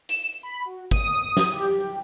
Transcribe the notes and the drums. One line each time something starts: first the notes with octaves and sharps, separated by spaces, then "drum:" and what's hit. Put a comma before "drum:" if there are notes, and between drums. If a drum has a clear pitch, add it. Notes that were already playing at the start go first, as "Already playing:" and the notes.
E7, drum: hi-hat
B5
F#4
D#6, drum: kick, hi-hat
drum: snare
G4